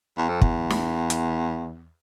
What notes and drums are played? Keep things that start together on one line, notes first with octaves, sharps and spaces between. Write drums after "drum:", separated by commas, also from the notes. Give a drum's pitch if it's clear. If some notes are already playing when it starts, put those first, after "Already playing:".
E2
F2
E2, drum: kick
drum: snare
drum: hi-hat